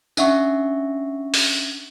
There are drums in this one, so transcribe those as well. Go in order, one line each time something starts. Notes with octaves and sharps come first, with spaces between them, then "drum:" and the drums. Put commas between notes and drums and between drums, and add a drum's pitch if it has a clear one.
C#4 D4 E5 F#5 C#6, drum: tambourine
drum: open hi-hat